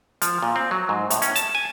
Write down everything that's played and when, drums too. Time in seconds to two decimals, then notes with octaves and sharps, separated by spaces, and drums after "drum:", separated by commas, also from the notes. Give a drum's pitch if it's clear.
0.22 F3, drum: hi-hat
0.42 A#2
0.56 C4
0.71 F#3
0.89 G#2
1.10 A2, drum: hi-hat
1.22 C#4, drum: hi-hat
1.36 A5, drum: hi-hat
1.55 G#5